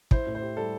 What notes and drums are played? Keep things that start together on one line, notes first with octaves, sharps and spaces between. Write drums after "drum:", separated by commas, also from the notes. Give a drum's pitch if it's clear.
E4 C5, drum: kick
A2
C5
G4
G3 A4